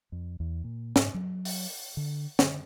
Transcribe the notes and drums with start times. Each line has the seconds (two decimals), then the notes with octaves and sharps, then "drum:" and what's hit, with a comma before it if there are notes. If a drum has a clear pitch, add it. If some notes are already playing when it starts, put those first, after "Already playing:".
0.12 F2
0.40 E2
0.64 A#2
0.96 G#2, drum: snare
1.14 F#3
1.45 drum: open hi-hat
1.97 D3
2.39 D3, drum: snare